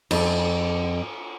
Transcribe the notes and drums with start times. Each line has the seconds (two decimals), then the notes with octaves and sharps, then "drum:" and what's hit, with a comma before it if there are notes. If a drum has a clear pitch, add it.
0.11 F2, drum: cymbal